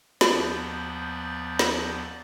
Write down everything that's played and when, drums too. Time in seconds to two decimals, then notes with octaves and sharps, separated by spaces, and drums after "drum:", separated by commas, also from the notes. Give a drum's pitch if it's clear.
0.21 D#2 F3 B3 D5 G6, drum: snare
1.59 drum: snare